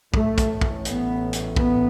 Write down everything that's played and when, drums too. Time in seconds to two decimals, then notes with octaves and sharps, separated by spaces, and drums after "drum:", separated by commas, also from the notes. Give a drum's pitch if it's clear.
0.14 A1 A2 A3, drum: kick
0.38 drum: kick, hi-hat
0.61 drum: kick
0.85 B3, drum: hi-hat
1.33 drum: hi-hat
1.56 B3, drum: kick